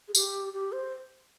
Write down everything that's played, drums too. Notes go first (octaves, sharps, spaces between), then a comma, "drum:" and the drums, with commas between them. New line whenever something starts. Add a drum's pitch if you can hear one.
G#4
G4, drum: tambourine
G4
C5